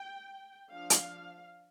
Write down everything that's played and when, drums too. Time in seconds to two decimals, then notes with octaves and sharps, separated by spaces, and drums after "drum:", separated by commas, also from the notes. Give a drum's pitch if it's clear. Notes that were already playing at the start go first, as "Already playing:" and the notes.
Already playing: G5
0.71 F3 D4 F5
0.90 drum: hi-hat